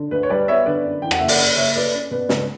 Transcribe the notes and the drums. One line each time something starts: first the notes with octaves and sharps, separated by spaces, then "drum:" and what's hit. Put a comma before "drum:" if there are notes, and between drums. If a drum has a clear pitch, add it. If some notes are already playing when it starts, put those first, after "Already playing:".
Already playing: D3
D2 B4
C#5
G3 B4 D5
B3 C#5 E5
D3 B4 D5
F#2
E3 G5
F#5, drum: rim click
F#1 E5
D5 F#5, drum: open hi-hat
F#2
F#1 C#5 E5
A3 B4 D5
C#4
B2 B4 D5
C#2 B4, drum: snare